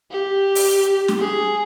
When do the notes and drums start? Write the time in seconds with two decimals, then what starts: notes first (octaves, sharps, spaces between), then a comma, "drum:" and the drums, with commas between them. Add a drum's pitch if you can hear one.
0.11 G4
0.55 drum: open hi-hat
1.08 drum: snare
1.20 G#4